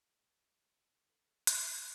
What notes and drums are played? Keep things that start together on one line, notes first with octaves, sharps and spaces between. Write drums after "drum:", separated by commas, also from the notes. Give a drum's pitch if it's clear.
G#4 F5
E4 G#4 A4 B4
F4 G4, drum: hi-hat